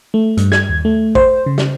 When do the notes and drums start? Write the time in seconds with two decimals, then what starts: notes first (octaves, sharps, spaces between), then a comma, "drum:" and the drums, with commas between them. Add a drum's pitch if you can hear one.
0.14 A3
0.37 G2, drum: hi-hat
0.52 G#6, drum: snare
0.69 D#2
0.85 A3
1.15 C5, drum: kick
1.46 C#3
1.58 drum: snare